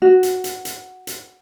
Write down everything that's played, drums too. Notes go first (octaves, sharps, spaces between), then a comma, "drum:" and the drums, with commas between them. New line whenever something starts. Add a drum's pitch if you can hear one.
F#4
drum: hi-hat
drum: hi-hat
drum: hi-hat
drum: hi-hat